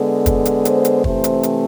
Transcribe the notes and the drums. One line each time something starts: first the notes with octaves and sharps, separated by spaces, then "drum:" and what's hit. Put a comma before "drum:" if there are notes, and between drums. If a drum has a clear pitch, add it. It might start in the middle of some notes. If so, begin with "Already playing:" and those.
Already playing: D3 G#3 B3
drum: kick, hi-hat
drum: hi-hat
C5, drum: hi-hat
drum: hi-hat
C3 E3 A3 C4 C5, drum: kick
drum: hi-hat
drum: hi-hat